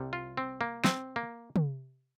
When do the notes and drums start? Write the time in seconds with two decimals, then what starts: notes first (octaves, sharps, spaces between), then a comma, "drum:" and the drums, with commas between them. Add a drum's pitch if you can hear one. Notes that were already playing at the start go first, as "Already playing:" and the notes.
Already playing: C2 C3 G3
0.13 F4
0.37 C4
0.61 A#3
0.84 C4, drum: snare
1.16 A#3
1.56 drum: tom